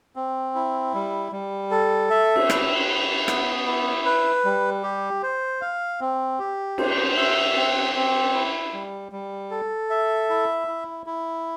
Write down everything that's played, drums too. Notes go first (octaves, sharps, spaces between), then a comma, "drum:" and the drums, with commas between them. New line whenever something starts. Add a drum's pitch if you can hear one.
C4
E4
G3
G3
A4
E5
drum: cymbal
E4, drum: rim click
E4
B3, drum: rim click
E4
B4
G3
G4
C5
F5
C4
G4
C5, drum: cymbal
E5
C4
C4
E4
G3
G3
A4
E5
E4
E4
E4